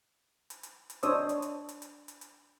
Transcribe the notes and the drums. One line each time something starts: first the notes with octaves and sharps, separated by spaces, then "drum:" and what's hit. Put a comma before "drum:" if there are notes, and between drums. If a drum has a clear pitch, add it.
drum: hi-hat
drum: hi-hat
drum: hi-hat
D4 C5 C#5 D#5 D#6 E6, drum: hi-hat
drum: hi-hat
drum: hi-hat
drum: hi-hat
drum: hi-hat
drum: hi-hat
drum: hi-hat